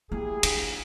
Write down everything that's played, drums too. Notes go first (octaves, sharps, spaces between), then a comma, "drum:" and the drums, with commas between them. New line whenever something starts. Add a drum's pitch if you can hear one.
A#3 E4 G4 G#4
D4, drum: cymbal